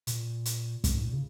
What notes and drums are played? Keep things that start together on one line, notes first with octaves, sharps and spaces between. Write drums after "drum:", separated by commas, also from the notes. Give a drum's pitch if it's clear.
A#2, drum: hi-hat
drum: hi-hat
F2, drum: kick, hi-hat
G#2
A#2
C#3